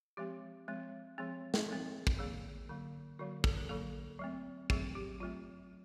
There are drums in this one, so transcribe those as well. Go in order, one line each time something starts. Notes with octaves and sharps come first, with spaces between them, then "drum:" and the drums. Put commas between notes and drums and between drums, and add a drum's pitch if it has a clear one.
F3 G#3 C4 G4
F3 G#3 C4
F3 G#3 C4 G#4
drum: snare
F3 G#3 C4
drum: kick
D3 F#3 A#3 G#4
D3 F#3 A#3
D3 F#3 A#3 F#4
A4, drum: kick
A#4
D3 F#3 A#3 A4
F#3 A3 C4
F#3 A3 C4 G#4, drum: kick
G4
F#3 A3 C4 F4